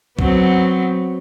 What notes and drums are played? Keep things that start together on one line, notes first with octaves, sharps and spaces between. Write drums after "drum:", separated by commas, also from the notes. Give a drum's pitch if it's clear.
F#3 B3 C4, drum: kick